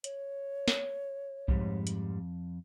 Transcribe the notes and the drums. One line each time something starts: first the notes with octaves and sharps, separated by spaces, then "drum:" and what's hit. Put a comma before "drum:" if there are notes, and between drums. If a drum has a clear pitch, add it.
C#5, drum: hi-hat
drum: snare
F2 G#2 G3 G#3, drum: kick B1
drum: hi-hat